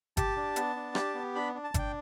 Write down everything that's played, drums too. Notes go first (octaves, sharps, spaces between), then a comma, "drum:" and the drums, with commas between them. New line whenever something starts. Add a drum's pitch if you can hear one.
G4 A5, drum: kick G1, hi-hat
D4
B3, drum: hi-hat
D4
G4, drum: rim click
B3
D4 B5
D4
A5
D4 G5, drum: kick G1, hi-hat